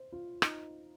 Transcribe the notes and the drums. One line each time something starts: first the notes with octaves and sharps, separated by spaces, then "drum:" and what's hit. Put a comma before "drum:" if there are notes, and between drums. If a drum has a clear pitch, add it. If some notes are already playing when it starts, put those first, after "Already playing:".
Already playing: C5
F4
D#4, drum: rim click